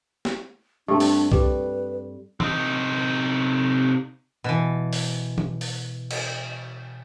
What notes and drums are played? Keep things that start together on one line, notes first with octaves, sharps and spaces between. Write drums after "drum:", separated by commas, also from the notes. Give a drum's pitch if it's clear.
drum: snare
G2 A3 C4 D4
drum: open hi-hat
G3 B4, drum: kick C2
C3 D#4, drum: tom E3
B2 E3
drum: open hi-hat
drum: tom E3
drum: open hi-hat
drum: cymbal